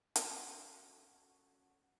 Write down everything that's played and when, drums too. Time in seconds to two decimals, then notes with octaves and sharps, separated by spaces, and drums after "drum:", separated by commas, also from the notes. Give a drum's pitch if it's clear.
0.16 C#4 F#4 A4 C#5, drum: hi-hat